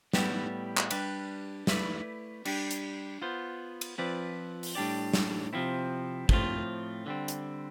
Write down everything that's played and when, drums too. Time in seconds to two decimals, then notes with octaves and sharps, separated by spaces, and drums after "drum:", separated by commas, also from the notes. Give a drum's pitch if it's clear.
0.13 A2 G3 B3 E4 G4, drum: snare
0.77 drum: clap
0.90 G3 D4 G4 B4, drum: cymbal
1.67 A3 E4 B4 D5, drum: snare
2.45 G3 D4 G4, drum: cymbal
2.71 drum: hi-hat
3.22 B3 F4 C5
3.81 drum: cymbal
3.98 F3 C4 F4 B4 D5
4.63 drum: open hi-hat
4.75 A2 G3 D4 G4 D5
5.14 drum: snare
5.53 C3 F3 C4 E4
6.29 A2 F3 A3 C4 F4, drum: kick
7.06 D3 G3 C4
7.28 drum: hi-hat